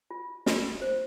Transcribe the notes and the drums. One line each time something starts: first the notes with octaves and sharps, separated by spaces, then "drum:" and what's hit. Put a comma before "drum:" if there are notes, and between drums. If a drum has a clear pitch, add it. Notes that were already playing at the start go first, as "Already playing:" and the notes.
F4
F4, drum: snare
C5